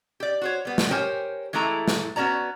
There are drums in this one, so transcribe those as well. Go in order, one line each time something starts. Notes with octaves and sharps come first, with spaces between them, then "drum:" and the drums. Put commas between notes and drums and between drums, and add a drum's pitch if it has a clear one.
G4 D5
F#4 C5 C#5
G3 B3
drum: snare
G4 A#4 C5 C#5 G5 G#5
E3 G#3 A3 E4 A#5
drum: snare
B3 C#4 F#4 D5 A#5